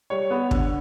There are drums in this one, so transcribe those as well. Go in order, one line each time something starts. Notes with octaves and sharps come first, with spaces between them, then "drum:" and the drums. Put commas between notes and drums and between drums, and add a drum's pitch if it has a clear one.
G3 C#5
B3
D3, drum: kick